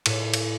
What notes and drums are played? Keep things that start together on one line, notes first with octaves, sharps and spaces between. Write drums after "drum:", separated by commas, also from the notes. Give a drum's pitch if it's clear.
A2, drum: cymbal
drum: cymbal